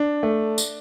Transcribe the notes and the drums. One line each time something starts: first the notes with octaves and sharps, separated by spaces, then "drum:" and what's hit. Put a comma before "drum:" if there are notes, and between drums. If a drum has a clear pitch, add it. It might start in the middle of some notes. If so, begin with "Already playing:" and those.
Already playing: D4
A3
drum: tambourine